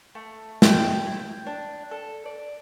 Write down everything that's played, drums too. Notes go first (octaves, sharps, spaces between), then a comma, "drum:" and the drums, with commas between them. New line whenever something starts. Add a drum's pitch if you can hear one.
A3
G5, drum: snare
E4
G5
D4
A4
D5